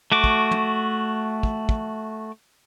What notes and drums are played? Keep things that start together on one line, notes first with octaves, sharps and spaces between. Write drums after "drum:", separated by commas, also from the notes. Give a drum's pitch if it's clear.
A3 F#4 D6
drum: kick
drum: tom
drum: kick
drum: kick